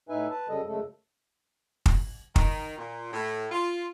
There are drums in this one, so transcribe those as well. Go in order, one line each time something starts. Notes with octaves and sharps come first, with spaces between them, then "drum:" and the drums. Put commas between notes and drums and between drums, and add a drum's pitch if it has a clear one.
A2 D#4 B4 E5 G#5
B4 A5
F#2 C#3 G3 A4 D#5
F#2 C#3 G#3 A3 A4
drum: kick
D#3, drum: kick
A#2
A2
F4